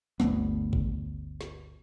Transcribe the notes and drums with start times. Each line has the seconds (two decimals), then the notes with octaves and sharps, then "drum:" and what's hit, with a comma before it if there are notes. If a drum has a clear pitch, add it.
0.20 G1 D2 A3 B3, drum: snare
0.73 drum: kick
1.41 drum: snare